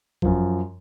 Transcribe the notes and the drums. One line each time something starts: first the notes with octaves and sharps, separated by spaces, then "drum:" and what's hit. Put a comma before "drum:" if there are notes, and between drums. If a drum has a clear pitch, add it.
F#2 F3, drum: kick G#1